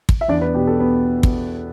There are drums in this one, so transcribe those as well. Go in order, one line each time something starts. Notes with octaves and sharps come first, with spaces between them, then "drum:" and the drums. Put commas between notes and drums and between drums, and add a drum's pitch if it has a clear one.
drum: kick
E5
E2 D4 D5
B3 B4
B2 G4
A4
B3 B4
drum: kick